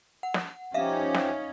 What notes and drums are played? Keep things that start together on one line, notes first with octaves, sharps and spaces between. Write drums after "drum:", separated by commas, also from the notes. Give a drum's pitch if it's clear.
F#5
drum: snare
F3 C#4 D#4 G4 E5 F5
drum: snare